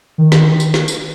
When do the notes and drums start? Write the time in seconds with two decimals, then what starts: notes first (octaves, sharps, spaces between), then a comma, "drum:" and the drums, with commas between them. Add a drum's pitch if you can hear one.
0.18 D#3
0.32 drum: snare
0.60 drum: tambourine
0.74 drum: snare
0.88 drum: tambourine